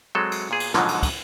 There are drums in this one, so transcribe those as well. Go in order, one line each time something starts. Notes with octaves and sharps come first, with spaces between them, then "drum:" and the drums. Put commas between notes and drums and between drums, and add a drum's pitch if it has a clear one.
F#3 G#3 C4 A4
drum: cymbal
A#2 B3 G#4
drum: cymbal
G#2 B2 D3 F3 F#3 G#3, drum: snare
drum: cymbal
drum: kick, cymbal